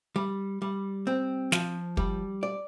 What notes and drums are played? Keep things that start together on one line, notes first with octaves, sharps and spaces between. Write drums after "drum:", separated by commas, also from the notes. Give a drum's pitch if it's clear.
G3
G3
C4
F3, drum: snare
G3, drum: kick
D5